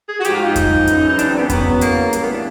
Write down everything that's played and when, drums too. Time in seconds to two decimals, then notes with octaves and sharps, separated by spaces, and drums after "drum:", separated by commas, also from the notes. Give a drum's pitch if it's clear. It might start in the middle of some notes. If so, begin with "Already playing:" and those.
0.09 G#4
0.20 F#4
0.25 G#2 F3 G4, drum: hi-hat
0.34 F4
0.45 D#4
0.56 drum: kick F2, hi-hat
0.87 F#2 C#3 E3, drum: hi-hat
1.09 D#4
1.19 D4, drum: hi-hat
1.29 C4
1.39 B3
1.50 E2 C#3 F#3 B3, drum: kick F2, hi-hat
1.81 A#3, drum: hi-hat
2.13 A2 E3 G3 A#3, drum: hi-hat
2.24 B3
2.33 D4